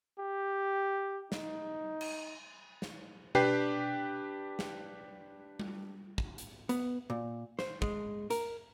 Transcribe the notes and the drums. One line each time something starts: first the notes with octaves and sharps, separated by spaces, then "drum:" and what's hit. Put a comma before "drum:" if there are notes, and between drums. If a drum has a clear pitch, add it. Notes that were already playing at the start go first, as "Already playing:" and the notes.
G4
D#4, drum: snare
drum: cymbal
drum: snare
D4 G4 B4 G5 C7, drum: tom B2
drum: snare
drum: tom G3
drum: kick
drum: hi-hat
B3, drum: hi-hat
A#2
C5, drum: snare
G#3, drum: kick
A#4, drum: hi-hat